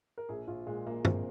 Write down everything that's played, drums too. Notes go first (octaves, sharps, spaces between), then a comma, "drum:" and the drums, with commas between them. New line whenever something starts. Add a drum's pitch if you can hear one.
A#4
A#1 G#4
A#1 F4
A#2 G#3
A#1 A#3
A#1 C4, drum: tom